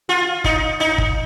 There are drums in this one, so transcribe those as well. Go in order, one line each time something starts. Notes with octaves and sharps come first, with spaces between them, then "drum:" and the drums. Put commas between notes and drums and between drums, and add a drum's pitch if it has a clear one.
F4
D#4, drum: kick
D#4
drum: kick